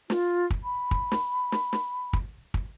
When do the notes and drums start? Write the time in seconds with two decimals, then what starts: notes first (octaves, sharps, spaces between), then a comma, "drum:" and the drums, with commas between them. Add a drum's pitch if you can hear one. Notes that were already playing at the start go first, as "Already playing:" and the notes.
0.10 F4, drum: snare
0.50 drum: kick
0.64 B5
0.91 drum: kick
1.12 drum: snare
1.52 drum: snare
1.73 drum: snare
2.13 drum: kick
2.54 drum: kick